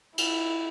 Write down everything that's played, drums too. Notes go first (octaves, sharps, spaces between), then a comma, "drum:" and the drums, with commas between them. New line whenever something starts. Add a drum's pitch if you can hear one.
E4, drum: cymbal